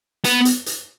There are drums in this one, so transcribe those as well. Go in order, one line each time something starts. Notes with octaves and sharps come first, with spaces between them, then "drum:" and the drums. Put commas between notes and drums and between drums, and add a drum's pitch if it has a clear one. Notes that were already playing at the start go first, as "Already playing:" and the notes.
B3, drum: hi-hat
drum: hi-hat
drum: hi-hat